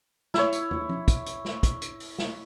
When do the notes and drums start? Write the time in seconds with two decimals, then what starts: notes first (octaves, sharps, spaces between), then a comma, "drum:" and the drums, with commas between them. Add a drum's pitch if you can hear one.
0.34 E4 C#5, drum: snare
0.52 drum: hi-hat
0.71 drum: tom
0.89 drum: tom F3
1.08 drum: kick, hi-hat
1.26 drum: hi-hat
1.45 drum: snare
1.63 drum: kick, hi-hat
1.82 drum: hi-hat
2.00 drum: open hi-hat
2.19 drum: snare